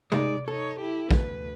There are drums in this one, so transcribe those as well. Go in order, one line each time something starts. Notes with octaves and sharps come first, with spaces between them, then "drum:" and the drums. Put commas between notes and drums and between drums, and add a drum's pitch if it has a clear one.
G#3 D#4 D5, drum: tom C3
D#4 A4 C#5
E4 G4
D2 B4, drum: kick